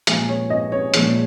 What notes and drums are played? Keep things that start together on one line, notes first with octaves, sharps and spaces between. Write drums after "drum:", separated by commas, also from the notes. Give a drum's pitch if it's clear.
A#2 F3 G#3 G#4, drum: hi-hat
C#5
D#5
C#5
A#2 F3 G#3, drum: hi-hat